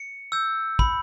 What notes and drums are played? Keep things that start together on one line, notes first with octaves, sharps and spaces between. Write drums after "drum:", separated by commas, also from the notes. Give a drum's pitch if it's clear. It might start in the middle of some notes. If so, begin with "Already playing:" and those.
Already playing: C#7
E6 G6
B5, drum: kick